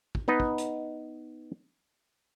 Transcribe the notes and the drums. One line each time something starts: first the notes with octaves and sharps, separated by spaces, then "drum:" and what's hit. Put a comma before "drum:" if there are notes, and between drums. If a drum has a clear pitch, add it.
drum: kick
B3 D#4 B4 D#5
drum: kick
drum: hi-hat